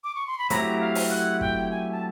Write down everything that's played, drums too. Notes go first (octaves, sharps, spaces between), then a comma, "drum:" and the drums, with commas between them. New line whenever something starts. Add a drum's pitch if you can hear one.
D6
C#6
C6
B5
F#3 A3 C4 E4 G4 A#5, drum: hi-hat
F5
drum: open hi-hat
F#5
G5, drum: kick
G#5
A5